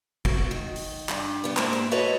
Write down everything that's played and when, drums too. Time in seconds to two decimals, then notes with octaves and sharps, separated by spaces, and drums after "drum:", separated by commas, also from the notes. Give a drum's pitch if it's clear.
0.25 F#4, drum: kick
0.51 D#3
0.76 drum: open hi-hat
1.09 G2, drum: clap
1.44 G3 B3
1.57 G#2 G3 A#3 E4 C5 A5, drum: clap
1.73 drum: hi-hat
1.91 E4 F#4 A4 B4 C#5 D#5